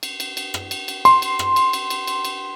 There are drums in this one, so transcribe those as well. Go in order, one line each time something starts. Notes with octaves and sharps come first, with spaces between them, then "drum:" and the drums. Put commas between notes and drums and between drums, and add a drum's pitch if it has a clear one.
drum: cymbal
drum: cymbal
drum: cymbal
drum: rim click
drum: cymbal
drum: cymbal
C6, drum: cymbal
drum: cymbal
drum: rim click
drum: cymbal
drum: cymbal
drum: cymbal
drum: cymbal
drum: cymbal